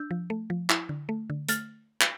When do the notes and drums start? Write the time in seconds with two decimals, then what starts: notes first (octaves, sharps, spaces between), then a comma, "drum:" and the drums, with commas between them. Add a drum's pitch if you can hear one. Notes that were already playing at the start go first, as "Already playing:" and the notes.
Already playing: D4 E6 G6
0.11 F3
0.30 A3
0.50 F3
0.70 E4, drum: clap
0.89 D3
1.09 A3
1.30 D3
1.49 A3 F6 A6, drum: hi-hat
2.01 drum: clap